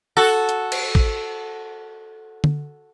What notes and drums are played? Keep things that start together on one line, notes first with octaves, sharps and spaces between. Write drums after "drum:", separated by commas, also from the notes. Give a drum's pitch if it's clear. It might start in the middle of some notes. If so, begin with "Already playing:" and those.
F#4 A4
drum: hi-hat
drum: cymbal
drum: kick
drum: tom D3